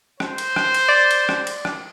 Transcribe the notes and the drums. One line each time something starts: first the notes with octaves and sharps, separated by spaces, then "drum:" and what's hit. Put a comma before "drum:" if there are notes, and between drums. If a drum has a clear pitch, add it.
C5, drum: rim click
drum: cymbal
drum: rim click
drum: cymbal
D5
drum: cymbal
drum: rim click
drum: cymbal
drum: rim click